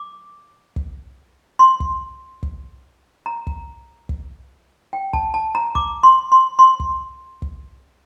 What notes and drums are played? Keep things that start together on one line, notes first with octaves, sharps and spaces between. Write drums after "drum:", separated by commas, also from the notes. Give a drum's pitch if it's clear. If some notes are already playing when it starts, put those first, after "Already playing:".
Already playing: D6
drum: kick
C6
drum: kick
drum: kick
A#5
drum: kick
drum: kick
G5
A5, drum: kick
A5
A#5
D6, drum: kick
C6
C6
C6
drum: kick
drum: kick